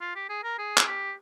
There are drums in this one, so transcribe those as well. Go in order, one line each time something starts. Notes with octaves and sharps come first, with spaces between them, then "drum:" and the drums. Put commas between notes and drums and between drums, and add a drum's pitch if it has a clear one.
F4
G4
G#4
A#4
G#4
drum: clap
G4